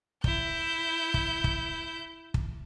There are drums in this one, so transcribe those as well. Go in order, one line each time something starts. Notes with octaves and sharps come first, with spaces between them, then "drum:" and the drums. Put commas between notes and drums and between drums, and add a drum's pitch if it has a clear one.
E4 G6, drum: kick
drum: kick
drum: kick
drum: kick